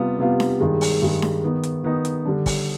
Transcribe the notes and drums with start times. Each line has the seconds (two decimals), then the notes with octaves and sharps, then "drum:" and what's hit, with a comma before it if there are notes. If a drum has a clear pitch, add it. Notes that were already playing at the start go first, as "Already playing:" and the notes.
Already playing: C3 G3 B3 F4
0.19 C3 G3 B3 F4
0.40 drum: snare D4
0.60 G2 D#3 G#3
0.81 drum: open hi-hat
1.02 G2 D#3 G#3
1.22 drum: snare D4
1.43 D#3 B3 D#4
1.63 drum: hi-hat
1.84 D#3 B3 D#4
2.05 drum: hi-hat
2.26 D3 G3 D4
2.46 drum: kick, open hi-hat